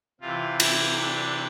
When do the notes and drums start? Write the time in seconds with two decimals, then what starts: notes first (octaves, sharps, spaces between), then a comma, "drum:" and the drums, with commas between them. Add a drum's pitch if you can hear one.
0.21 C3 E3 F4
0.60 E4, drum: cymbal
0.99 D4